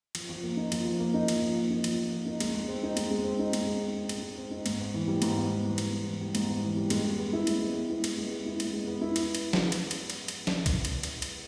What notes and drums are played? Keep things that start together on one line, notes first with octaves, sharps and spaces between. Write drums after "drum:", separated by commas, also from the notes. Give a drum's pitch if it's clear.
F3, drum: cymbal
F3
A#3
D#4
F3, drum: cymbal
F3
A#3
D#4
F3, drum: cymbal
F3
A#3
D#4
F3, drum: cymbal
F3
A#3
D#4
G#3, drum: cymbal
G#3
C4
D#4
G#3, drum: cymbal
G#3
C4
D#4
G#3, drum: cymbal
G#3
C4
D#4
G#3, drum: cymbal
G#3
C4
D#4
G#2, drum: cymbal
B3
E3
G3
G#2, drum: cymbal
B3
E3
G3
G#2, drum: cymbal
B3
E3
G3
G#2, drum: cymbal
B3
E3
G3
G#3, drum: cymbal
G#3
B3
E4
G#3, drum: cymbal
G#3
B3
E4
G#3, drum: cymbal
G#3
B3
E4
G#3, drum: cymbal
G#3
B3
E4
drum: cymbal
drum: cymbal
drum: snare
drum: cymbal
drum: cymbal
drum: cymbal
drum: cymbal
drum: snare
drum: kick B1, cymbal
drum: cymbal
drum: cymbal
drum: cymbal